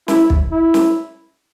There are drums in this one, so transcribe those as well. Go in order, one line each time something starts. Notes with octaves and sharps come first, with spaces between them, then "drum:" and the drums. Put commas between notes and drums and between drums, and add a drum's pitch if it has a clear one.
E4, drum: snare
drum: kick
E4
drum: snare